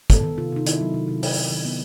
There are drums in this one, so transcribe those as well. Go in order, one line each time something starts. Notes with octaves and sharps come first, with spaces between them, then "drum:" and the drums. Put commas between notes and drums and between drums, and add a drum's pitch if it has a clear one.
B3 A4, drum: kick, hi-hat
D#3
C3 F4
C3 D#4
D#3 E4, drum: hi-hat
F#3
C3
C3
C3, drum: open hi-hat
C3
D#3
B3